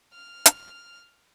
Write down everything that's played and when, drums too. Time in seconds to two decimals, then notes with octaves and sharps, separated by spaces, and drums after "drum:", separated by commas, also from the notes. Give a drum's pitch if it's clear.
0.13 F6
0.46 drum: hi-hat